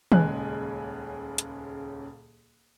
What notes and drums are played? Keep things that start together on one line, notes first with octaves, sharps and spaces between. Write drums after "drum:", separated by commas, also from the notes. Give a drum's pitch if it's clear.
D#1 C#2 C#3 G#3 G#5 F#6, drum: tom D#3
drum: hi-hat